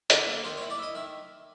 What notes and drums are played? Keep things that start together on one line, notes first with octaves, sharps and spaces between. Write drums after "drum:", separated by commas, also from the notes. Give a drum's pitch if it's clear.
D3, drum: hi-hat
A#3
D#3 C5
C#5
E4
D5
E4 D#5
D#3 E5